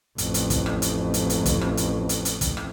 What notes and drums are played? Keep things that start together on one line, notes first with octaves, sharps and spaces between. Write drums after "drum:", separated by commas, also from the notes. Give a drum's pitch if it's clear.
A1 F2, drum: hi-hat
drum: hi-hat
drum: kick, hi-hat
drum: rim click
drum: hi-hat
drum: hi-hat
drum: hi-hat
drum: kick, hi-hat
drum: rim click
drum: hi-hat
drum: hi-hat
drum: hi-hat
drum: kick, hi-hat
drum: rim click